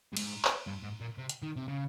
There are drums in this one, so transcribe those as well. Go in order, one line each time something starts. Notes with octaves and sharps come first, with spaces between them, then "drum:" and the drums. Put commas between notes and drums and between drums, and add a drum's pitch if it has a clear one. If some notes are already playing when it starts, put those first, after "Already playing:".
G2
G#2, drum: cymbal
drum: clap
G2
G#2
A#2
C3
drum: hi-hat
D#3
C3
C#3